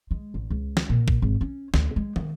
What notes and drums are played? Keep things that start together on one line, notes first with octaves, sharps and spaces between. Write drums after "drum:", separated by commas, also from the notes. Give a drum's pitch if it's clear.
G#3
A1
C#2
drum: snare
A#2
drum: kick
G#1
C#4
D2, drum: snare
G#3
D#3, drum: tom